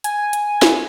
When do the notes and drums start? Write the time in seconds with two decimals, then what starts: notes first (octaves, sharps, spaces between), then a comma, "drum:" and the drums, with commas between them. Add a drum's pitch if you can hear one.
0.04 G#5, drum: hi-hat
0.33 drum: hi-hat
0.62 drum: snare